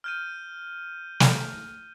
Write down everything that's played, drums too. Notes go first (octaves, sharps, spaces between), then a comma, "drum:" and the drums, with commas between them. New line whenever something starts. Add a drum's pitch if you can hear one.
F6 G6 D#7
drum: snare